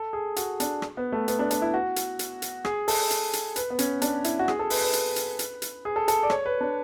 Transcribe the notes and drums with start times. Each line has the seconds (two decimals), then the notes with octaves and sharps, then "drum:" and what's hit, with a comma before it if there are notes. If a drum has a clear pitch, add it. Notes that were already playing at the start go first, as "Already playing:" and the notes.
Already playing: A4
0.13 G#4
0.36 F#4, drum: hi-hat
0.60 D4, drum: hi-hat
0.82 drum: rim click
0.97 B3
1.12 A3
1.28 B3, drum: hi-hat
1.39 D4
1.51 D4, drum: hi-hat
1.62 E4
1.74 F#4
1.96 drum: hi-hat
2.19 drum: hi-hat
2.42 drum: hi-hat
2.65 G#4, drum: rim click
2.88 A4, drum: open hi-hat
3.11 drum: hi-hat
3.33 drum: hi-hat
3.56 B4, drum: hi-hat
3.70 B3
3.79 C#4, drum: hi-hat
4.02 D4, drum: hi-hat
4.24 E4, drum: hi-hat
4.39 F#4
4.48 G#4, drum: rim click
4.59 A4
4.70 B4, drum: open hi-hat
4.81 B4
4.93 drum: hi-hat
5.16 drum: hi-hat
5.39 drum: hi-hat
5.62 drum: hi-hat
5.85 G#4
5.96 A4
6.08 A4, drum: hi-hat
6.23 D5
6.30 C#5, drum: rim click
6.46 B4
6.61 D4